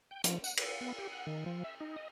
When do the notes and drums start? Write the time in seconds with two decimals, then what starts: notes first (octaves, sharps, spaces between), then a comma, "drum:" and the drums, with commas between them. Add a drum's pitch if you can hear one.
0.11 G5
0.24 F3, drum: hi-hat
0.44 F#5, drum: tambourine
0.57 B4, drum: cymbal
0.81 B3
0.98 G4
1.12 F#5
1.27 D#3
1.46 F3
1.64 E5
1.80 D#4
1.96 D#5